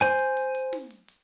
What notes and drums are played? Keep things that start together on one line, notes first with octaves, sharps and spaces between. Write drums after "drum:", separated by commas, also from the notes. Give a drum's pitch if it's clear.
C5 G#5, drum: hi-hat
drum: hi-hat
drum: hi-hat
drum: hi-hat
drum: snare
drum: hi-hat
drum: hi-hat